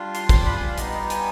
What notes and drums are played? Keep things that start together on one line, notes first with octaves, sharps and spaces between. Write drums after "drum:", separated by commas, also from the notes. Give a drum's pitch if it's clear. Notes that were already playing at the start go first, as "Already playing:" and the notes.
Already playing: G3 D4 F4
C6, drum: hi-hat
C6, drum: kick, hi-hat
B5
G#5
F5
G3 B3 D#4 D#5, drum: hi-hat
D#5
G#5, drum: hi-hat